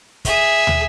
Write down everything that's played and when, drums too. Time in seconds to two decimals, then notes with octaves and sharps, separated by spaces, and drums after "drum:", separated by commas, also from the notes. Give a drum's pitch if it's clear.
0.25 G#4 E5, drum: kick, hi-hat
0.67 drum: tom